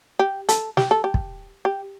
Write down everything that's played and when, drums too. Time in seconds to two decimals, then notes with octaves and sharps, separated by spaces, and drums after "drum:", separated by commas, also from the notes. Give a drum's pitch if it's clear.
0.19 G4
0.49 A4, drum: hi-hat
0.77 G4, drum: snare
0.91 A4
1.04 G4
1.14 drum: kick
1.65 G4